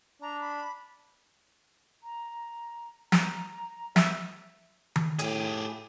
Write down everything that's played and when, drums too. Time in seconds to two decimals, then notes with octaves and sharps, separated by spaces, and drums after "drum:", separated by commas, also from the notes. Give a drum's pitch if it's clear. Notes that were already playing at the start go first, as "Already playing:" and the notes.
0.22 D4 A#5
0.41 B5
2.03 A#5
3.12 A#5, drum: snare
3.96 E5, drum: snare
4.96 drum: tom D#3
5.19 A2 G4 G#4, drum: hi-hat